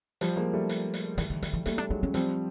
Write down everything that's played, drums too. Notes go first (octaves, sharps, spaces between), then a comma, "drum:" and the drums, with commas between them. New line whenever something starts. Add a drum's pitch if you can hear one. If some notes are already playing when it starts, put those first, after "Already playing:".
F3 G3, drum: hi-hat
G#3 A#3
G3 A3
drum: hi-hat
drum: hi-hat
E3, drum: hi-hat
D#3
D#3, drum: hi-hat
E3
G3 A3 A#3, drum: hi-hat
D4
F#3 G#3 D4
C#4
F3 G3 C4, drum: hi-hat